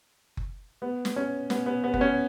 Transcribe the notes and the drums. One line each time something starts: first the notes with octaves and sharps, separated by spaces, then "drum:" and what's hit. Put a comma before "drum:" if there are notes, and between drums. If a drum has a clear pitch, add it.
drum: kick F#1
B3
drum: snare
C#4
B3, drum: snare
B3
B3
B3, drum: kick F#1
C#4